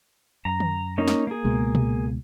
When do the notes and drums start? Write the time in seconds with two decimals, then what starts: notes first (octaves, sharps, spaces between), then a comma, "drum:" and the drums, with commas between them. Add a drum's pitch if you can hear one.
0.45 F#2 A#5
0.60 drum: tom D3
0.98 A#3 C#4 D#4
1.08 drum: snare
1.27 A#3 G#4
1.45 C#2 B2 G#3
1.75 drum: tom A#2